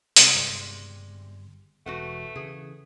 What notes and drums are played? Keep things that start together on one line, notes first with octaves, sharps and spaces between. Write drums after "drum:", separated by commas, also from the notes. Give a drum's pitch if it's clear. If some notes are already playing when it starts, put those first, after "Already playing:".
C3 G3 G#3, drum: hi-hat
G1
E1 A3 F#4 B4 F#5
C#3 E3 G#4